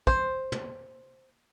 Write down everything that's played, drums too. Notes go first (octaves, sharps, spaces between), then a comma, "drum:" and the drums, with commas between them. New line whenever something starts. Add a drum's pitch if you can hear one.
C5, drum: kick
drum: tom